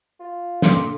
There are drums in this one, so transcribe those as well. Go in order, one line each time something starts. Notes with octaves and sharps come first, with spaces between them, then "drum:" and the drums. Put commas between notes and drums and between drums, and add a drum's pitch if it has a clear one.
F4
A#2 D3 F5 C6 D6, drum: snare